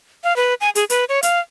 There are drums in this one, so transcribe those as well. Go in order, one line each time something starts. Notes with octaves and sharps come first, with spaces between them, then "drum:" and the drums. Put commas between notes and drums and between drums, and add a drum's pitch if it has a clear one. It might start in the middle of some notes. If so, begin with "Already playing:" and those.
F5
B4
G#5
G#4, drum: hi-hat
B4, drum: hi-hat
C#5
F5, drum: hi-hat